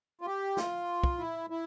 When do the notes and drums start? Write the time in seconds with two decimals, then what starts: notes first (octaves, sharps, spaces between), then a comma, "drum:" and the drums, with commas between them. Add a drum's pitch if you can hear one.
0.21 F4
0.26 G4
0.57 F4, drum: snare
1.04 drum: kick
1.19 E4
1.50 E4